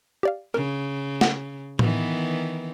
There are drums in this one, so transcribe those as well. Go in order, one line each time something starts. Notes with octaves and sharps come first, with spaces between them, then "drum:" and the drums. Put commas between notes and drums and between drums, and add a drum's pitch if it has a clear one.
G4 D5 F5
C#3 A#4
F#5, drum: snare
D#3 E3 B3, drum: tom A2